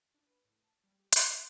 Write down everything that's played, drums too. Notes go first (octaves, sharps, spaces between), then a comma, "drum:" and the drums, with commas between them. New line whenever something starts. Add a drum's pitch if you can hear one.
D4
B4
A2
A5
G3
G4
F6, drum: hi-hat
F#5